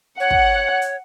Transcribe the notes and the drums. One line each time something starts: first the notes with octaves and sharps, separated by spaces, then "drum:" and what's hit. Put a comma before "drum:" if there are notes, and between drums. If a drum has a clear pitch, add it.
C#5 F#5
drum: kick
drum: hi-hat